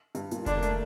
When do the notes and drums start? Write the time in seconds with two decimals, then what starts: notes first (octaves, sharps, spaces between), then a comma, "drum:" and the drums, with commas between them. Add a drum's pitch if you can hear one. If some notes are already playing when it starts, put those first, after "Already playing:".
0.15 G2, drum: hi-hat
0.31 A#2, drum: hi-hat
0.46 D3 D4, drum: kick F1, hi-hat
0.57 A#3
0.62 A3, drum: hi-hat